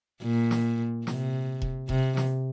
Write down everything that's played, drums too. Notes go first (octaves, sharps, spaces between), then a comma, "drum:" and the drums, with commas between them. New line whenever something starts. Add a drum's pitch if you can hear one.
A#2
drum: snare
C3, drum: snare
drum: kick E1
C3, drum: kick E1
drum: snare